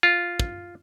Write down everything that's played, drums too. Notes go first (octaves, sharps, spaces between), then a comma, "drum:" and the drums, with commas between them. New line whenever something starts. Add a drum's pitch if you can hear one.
F4
drum: kick